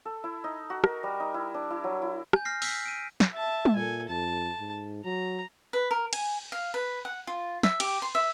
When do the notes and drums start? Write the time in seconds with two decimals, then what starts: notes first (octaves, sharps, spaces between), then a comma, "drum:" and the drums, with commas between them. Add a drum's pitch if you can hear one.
0.05 A4
0.24 E4
0.44 D#4
0.70 F#4
0.84 A#4, drum: rim click
1.03 G3
1.20 D#4
1.34 E4
1.54 D4
1.70 E4
1.84 F#3
2.02 E4
2.33 G#5 G6, drum: rim click
2.45 F6 A#6 C7
2.62 E6 B6 C7, drum: open hi-hat
2.85 D7 D#7
3.20 drum: snare
3.34 E5 A5
3.65 drum: tom G3
3.76 A#2 A4 G#5
4.09 F2 A5
4.60 G#2
5.05 F#3 A#5
5.73 B4
5.91 A#4
6.13 G#5, drum: cymbal
6.52 F5
6.74 B4
7.05 F#5
7.27 F4
7.63 E5, drum: snare
7.80 G4, drum: cymbal
8.02 C6
8.15 E5